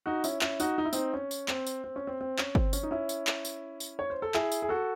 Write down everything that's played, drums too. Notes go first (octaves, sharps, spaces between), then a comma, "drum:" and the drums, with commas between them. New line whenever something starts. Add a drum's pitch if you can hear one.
D#4 F#4
C#4 E4, drum: tambourine
C#4 E4, drum: clap
D#4 F#4, drum: tambourine
D#4
E4
C4 D#4, drum: tambourine
C#4
drum: tambourine
C4, drum: clap
drum: tambourine
C4
C#4
C4
C4
C#4, drum: clap
C4, drum: kick G1
C#4, drum: tambourine
D#4
C#4 E4
drum: tambourine
drum: clap
drum: tambourine
drum: tambourine
C#5
C5
A4
E4 G#4, drum: clap
drum: tambourine
G#4
F#4 A4